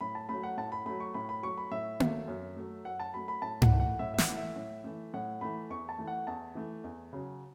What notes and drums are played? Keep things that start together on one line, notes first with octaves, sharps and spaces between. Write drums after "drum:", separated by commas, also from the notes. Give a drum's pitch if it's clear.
A2 B5
A5
F#3 A3 B5
F#5
A2 A5
B5
F#3 A3 B5
C#6
A2 B5
B5
F#3 A3 C#6
B5
A2 E5
F#3 A3, drum: tom A#3
F#2
F#3 A3
F#2 F#5
A5
F#3 A3 B5
B5
A2 A5
F#5, drum: tom G#2
E3 A3
F#5
A2 E5
E5
F#5, drum: snare
E3 A3
E5
A2
E3 A3
A2 F#5
E3 A3 B5
E2 C#6
A5
E3 A3
F#5
E2 A5
E3 A3
E2
C#3 F#3